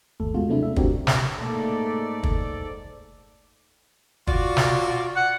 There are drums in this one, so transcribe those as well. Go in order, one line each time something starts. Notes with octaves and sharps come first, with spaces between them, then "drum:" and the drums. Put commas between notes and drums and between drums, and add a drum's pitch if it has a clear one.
G1 D#2 A3 A4
B2 G#3 F4 F#4
C3 F#3 A3 D4 E4
E5
C4 D4 F#4 G4 A#4, drum: kick
drum: snare
G#2 A3 A#3 A4 D5
drum: kick
F4 F#4 D5, drum: kick
drum: snare
F#5